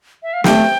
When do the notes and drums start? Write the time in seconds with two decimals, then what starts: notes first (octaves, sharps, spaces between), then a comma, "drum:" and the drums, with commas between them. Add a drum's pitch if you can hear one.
0.23 E5
0.33 F5
0.44 A3 G5, drum: snare